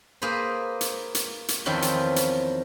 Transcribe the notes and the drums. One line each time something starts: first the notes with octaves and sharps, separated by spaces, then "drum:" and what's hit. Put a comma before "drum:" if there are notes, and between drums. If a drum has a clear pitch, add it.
A#3 G#4 B4 C5
drum: hi-hat
drum: hi-hat
drum: hi-hat
E2 D#3 F3 C4 C#4 B4
drum: hi-hat
drum: hi-hat